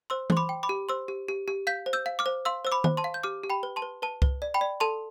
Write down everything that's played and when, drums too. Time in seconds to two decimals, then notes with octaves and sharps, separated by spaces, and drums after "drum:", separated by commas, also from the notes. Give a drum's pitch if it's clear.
0.10 C5 C6 E6
0.30 C5 C6, drum: tom E3
0.37 B5 D6
0.49 G5
0.63 B5 D6
0.69 G4
0.89 C5 C6 E6
1.08 G4
1.28 G4
1.48 G4
1.67 F5 G6 B6
1.86 C5
1.93 E6 G6
2.06 F5
2.19 D6 F6
2.26 C5
2.45 F5 C6 E6
2.65 C5 E6
2.72 B5 D6
2.84 C5, drum: tom D#3
2.97 A5 C6
3.04 F5
3.14 G6
3.23 G4 D6 F6
3.44 G4
3.50 G5 B5
3.63 B4
3.76 A5 C6
3.82 B4
4.02 B4 A5
4.22 B4, drum: kick C2
4.42 D5
4.54 G5 B5
4.61 D5
4.80 A4 A5 C6